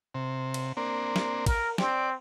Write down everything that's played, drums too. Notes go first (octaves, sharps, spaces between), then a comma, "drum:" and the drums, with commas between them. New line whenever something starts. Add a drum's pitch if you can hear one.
C3
drum: cymbal
A#3 C4 D4
drum: snare
A#4, drum: kick, cymbal
C4 D5, drum: snare